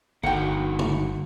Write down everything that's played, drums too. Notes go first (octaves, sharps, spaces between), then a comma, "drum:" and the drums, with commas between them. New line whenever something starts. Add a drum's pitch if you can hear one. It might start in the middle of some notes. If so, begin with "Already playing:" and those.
G1 G2 A#3 D#4 F#4 F#5 G5
drum: tom